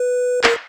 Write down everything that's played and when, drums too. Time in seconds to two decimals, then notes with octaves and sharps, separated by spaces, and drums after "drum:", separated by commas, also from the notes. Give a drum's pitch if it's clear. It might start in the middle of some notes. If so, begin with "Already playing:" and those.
Already playing: B4
0.44 A#4, drum: clap